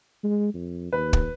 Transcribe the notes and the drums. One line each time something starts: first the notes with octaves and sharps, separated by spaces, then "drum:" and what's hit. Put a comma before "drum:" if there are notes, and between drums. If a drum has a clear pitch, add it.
G#3
F2
D#2 B4
drum: kick